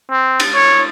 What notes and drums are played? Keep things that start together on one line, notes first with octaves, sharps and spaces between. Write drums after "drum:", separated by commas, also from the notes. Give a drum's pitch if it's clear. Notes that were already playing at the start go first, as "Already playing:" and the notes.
C4
drum: cymbal
C#5